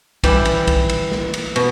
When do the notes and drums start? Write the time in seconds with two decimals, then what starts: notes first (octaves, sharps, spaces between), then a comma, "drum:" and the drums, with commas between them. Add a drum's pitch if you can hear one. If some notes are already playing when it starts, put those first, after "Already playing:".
0.24 E3 G3 E4 G4, drum: kick B1, cymbal
0.45 drum: cymbal
0.67 drum: kick B1, cymbal
0.89 drum: cymbal
1.12 drum: snare
1.34 drum: cymbal
1.56 B2, drum: cymbal